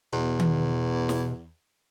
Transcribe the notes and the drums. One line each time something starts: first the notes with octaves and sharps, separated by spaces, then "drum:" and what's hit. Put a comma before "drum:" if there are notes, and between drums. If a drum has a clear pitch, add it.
E2 B2
drum: tom D#3
drum: snare